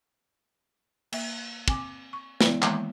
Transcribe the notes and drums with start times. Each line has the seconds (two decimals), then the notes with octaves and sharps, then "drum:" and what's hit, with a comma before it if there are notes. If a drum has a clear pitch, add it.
1.13 A#3 E5, drum: cymbal
1.68 C4 G#5 D6, drum: kick
2.13 C#6
2.41 E3 G#3 B3 E4 D5, drum: snare
2.62 D#3 E3 G#3 A#3, drum: clap